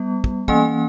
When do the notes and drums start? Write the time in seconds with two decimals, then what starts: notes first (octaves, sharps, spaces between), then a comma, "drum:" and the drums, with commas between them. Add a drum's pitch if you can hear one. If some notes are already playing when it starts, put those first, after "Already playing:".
Already playing: G3 B3
0.24 drum: kick
0.48 E3 A#3 C#4 G#5, drum: kick